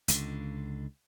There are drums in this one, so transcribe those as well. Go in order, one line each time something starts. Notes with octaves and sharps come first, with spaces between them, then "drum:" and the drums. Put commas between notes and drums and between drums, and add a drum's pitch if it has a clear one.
C#2 D3, drum: hi-hat